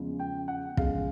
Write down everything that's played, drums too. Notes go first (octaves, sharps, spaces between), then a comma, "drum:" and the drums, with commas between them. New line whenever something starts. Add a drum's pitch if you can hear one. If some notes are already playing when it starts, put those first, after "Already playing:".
Already playing: E2 C#3 F3 G#3
G5
F#5
E2 C#3 F3 G#3 F5, drum: kick